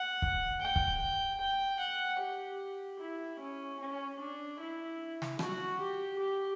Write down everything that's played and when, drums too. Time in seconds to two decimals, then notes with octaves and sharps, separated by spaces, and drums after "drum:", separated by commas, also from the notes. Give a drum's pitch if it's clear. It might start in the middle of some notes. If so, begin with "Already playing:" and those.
Already playing: F#5
0.22 drum: kick
0.61 G5
0.76 drum: kick
1.40 G5
1.80 F#5
2.20 G4
3.00 E4
3.40 C#4
3.80 C#4
4.19 D4
4.59 E4
5.22 drum: snare
5.39 F#4, drum: rim click
5.79 G4
6.18 G4